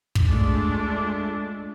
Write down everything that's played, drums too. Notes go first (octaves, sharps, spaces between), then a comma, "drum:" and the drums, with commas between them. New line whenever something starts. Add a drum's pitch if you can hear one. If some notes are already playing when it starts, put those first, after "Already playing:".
drum: kick
G#3 A3 D4 F4